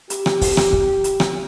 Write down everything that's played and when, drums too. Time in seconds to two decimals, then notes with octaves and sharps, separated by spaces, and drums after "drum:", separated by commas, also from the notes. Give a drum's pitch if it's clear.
0.10 G4, drum: hi-hat
0.26 drum: rim click
0.41 drum: kick, open hi-hat
0.57 drum: rim click
0.73 drum: kick
1.04 drum: hi-hat
1.20 drum: rim click